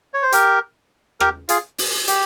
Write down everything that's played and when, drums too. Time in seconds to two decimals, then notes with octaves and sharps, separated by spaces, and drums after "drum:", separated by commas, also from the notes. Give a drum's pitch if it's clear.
0.14 C#5
0.22 C5
0.32 G4 A#4, drum: hi-hat
1.20 G4 A#4, drum: rim click
1.49 F4 G#4, drum: hi-hat
1.78 drum: open hi-hat
2.08 G4, drum: hi-hat